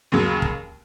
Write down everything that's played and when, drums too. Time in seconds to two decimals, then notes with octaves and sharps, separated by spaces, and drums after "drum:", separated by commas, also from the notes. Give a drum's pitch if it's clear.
0.12 D#2 C#3 F#3
0.42 drum: kick